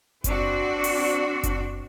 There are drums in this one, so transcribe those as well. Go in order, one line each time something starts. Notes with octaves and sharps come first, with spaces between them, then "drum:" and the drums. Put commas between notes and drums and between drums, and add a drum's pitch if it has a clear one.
C4 D4 F#4, drum: kick F#1, hi-hat
drum: open hi-hat
drum: kick F#1, hi-hat